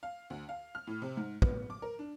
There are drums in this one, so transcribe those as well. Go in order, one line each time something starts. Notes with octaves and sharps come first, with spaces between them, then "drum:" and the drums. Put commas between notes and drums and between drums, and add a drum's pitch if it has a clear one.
F5
D2
F5
F6
A2
C3
G#2
B3, drum: kick
D6
A#4
D4